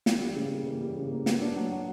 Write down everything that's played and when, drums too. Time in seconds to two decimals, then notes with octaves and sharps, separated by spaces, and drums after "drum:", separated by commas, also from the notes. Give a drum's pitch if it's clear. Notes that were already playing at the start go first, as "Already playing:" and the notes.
0.06 E3, drum: snare
0.21 G3
0.36 C#3
0.52 A#3
0.67 E3
0.81 G3
0.97 C#3
1.11 A#3
1.26 B3, drum: snare
1.41 D4
1.56 F#3
1.71 F#3